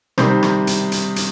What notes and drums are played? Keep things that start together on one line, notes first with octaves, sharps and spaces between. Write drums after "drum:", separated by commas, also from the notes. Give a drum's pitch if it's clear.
C3 D#3 G3 C5, drum: rim click
drum: rim click
drum: hi-hat
drum: hi-hat
drum: hi-hat